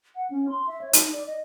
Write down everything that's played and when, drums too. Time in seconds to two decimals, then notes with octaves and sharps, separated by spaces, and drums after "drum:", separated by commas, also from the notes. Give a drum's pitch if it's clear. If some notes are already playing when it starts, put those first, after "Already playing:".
0.15 F#5
0.30 C#4
0.49 C6
0.67 E5
0.81 C#5
0.93 D#4, drum: hi-hat
1.12 D5
1.27 D#5